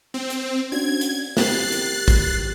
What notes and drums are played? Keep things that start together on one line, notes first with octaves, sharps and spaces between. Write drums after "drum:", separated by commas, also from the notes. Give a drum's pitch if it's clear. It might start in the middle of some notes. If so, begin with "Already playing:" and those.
C4
drum: hi-hat
C#4 D4 F#4 G#6
drum: hi-hat
C4 G4 A#4 F#6 A6 C7, drum: snare
drum: hi-hat
drum: kick, hi-hat